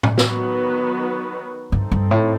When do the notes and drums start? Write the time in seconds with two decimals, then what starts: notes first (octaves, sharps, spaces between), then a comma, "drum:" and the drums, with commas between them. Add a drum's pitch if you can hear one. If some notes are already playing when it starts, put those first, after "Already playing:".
0.03 drum: tom A2
0.18 D#3 F#3 B3 F#4 B4, drum: snare
1.72 G2 C4 D#4 A4
1.92 G2
2.11 A2